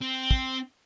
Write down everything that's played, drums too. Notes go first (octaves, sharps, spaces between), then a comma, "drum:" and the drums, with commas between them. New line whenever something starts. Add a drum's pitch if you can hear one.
C4
drum: kick